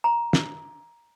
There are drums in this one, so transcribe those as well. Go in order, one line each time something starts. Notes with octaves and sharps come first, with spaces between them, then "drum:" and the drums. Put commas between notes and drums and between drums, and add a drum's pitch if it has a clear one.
A#5
drum: snare